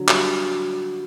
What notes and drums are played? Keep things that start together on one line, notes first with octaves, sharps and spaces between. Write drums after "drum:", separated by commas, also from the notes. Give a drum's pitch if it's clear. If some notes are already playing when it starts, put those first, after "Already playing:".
Already playing: D3 F#3
G3, drum: clap